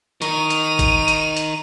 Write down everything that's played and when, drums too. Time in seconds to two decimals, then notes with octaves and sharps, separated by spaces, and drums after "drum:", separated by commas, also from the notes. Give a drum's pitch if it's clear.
0.22 D#3 D#4 A#5 C#6 D#7 F7, drum: hi-hat
0.50 drum: hi-hat
0.79 drum: kick, hi-hat
1.08 drum: hi-hat
1.37 drum: hi-hat